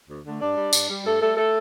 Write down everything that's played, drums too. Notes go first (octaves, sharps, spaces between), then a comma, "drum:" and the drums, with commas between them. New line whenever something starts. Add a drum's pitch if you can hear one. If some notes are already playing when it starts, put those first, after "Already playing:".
D2
D3 A3
G2 D4 D5
G3
G2, drum: tambourine
G3
G2 A3 A4
G3 A3 A4
A3 A4